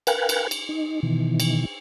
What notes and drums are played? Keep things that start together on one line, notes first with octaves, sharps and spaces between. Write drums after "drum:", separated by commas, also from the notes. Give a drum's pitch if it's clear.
A#4 B4 F5 G5 G#5 F#6, drum: cymbal
drum: cymbal
drum: cymbal
D#4
B2 D#3 E3
drum: cymbal